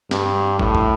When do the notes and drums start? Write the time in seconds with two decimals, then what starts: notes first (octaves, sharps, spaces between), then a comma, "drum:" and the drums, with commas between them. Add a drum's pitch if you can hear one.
0.11 G2, drum: snare
0.59 A2, drum: kick
0.75 drum: kick